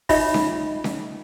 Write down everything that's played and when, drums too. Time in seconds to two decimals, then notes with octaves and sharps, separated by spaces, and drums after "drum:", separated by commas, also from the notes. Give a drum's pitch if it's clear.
0.09 D#4 F4 C#5 D#5 E5 B5, drum: kick, open hi-hat
0.34 drum: snare C#4
0.84 drum: snare C#4